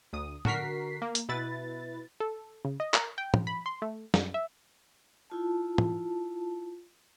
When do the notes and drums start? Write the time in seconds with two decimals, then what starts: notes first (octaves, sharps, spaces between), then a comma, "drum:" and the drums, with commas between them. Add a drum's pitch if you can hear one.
0.13 D2 D#6
0.45 D3 F#4 A#4 B6 C7, drum: tom
1.02 A#3
1.15 drum: hi-hat
1.29 B2 E4 B4 A6
2.20 A4
2.65 C#3
2.80 D#5
2.94 A#4, drum: clap
3.18 G5
3.34 drum: tom
3.47 B5
3.66 C6
3.82 A3
4.14 F#2, drum: snare
4.34 E5
5.30 E4 F4 A5
5.78 drum: tom